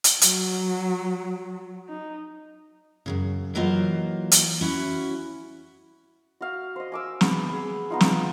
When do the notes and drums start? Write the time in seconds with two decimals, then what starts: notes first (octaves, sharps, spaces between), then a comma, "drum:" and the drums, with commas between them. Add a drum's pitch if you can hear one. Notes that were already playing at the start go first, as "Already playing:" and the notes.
0.04 drum: hi-hat
0.21 F#3, drum: hi-hat
1.88 D#4
3.06 F#2 A2 C#3
3.55 E3 F#3 A#3 F4 C5 D#5
4.32 drum: hi-hat
4.61 C#4 E4 F#4
6.41 F#4 F5
6.76 C5 D#5
6.92 G#5 D6 E6
7.21 B3 G#4 F#5, drum: snare
7.49 G#4 B5
7.90 B3 D#4 F4
8.01 drum: snare